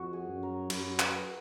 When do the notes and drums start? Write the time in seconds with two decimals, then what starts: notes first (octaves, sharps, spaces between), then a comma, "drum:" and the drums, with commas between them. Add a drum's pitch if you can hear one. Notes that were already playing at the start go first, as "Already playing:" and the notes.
Already playing: F2 F#4
0.13 G#4
0.28 F#2
0.43 A#4
0.70 F#2 A#4, drum: cymbal
0.99 B4, drum: clap